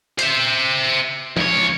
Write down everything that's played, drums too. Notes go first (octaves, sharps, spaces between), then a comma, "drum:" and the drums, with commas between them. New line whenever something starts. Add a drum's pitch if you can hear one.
C5 E5, drum: hi-hat
C#2 C#5, drum: tom F3